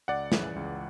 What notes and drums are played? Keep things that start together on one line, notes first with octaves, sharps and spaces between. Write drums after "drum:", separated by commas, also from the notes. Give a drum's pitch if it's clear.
C#2 D5 F#5
C#3 E3, drum: snare
C#2